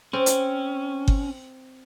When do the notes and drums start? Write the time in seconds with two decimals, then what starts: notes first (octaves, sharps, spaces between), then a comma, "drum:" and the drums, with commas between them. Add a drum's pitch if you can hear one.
0.13 C4 C#4
0.26 drum: hi-hat
1.08 drum: kick G1